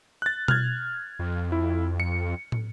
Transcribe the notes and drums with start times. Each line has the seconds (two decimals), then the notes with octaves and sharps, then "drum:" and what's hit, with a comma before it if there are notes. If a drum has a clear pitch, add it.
0.22 F#6 A6
0.48 F6 F#6 G#6, drum: tom B2
1.19 F2
1.52 E4
2.00 C#7
2.52 drum: tom